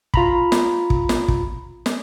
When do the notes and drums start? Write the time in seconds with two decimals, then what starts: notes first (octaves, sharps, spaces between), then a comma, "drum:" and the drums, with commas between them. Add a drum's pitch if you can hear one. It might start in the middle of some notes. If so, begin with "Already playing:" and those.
0.14 F4 A#5 B5, drum: kick
0.52 drum: snare
0.90 drum: kick
1.09 drum: snare
1.28 drum: kick
1.86 drum: snare